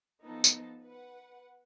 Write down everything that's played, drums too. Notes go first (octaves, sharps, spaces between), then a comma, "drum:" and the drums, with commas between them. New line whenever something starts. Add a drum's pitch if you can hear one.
F3 B3 D#4 A4 C5
drum: tambourine
B4 F#5